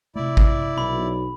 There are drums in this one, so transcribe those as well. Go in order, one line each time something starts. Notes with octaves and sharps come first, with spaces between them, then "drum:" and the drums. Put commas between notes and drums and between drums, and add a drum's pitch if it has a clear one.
C3 A3 E4 D5
drum: kick
B1 B5